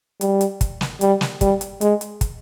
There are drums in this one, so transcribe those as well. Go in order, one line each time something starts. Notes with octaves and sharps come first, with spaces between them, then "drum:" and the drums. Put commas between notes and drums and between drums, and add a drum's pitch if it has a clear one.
G3, drum: hi-hat
drum: hi-hat
drum: kick, hi-hat
drum: snare
G3, drum: hi-hat
drum: snare
G3, drum: kick, hi-hat
drum: hi-hat
G#3, drum: hi-hat
drum: hi-hat
drum: kick, hi-hat